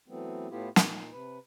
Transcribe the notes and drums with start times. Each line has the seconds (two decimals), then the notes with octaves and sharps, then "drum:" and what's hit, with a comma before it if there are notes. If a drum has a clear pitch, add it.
0.08 E3 F#3 A3 B3 C4
0.50 A2 A3 B3 E4 F4 G4
0.76 A#2 D#4, drum: snare
1.12 C3 B4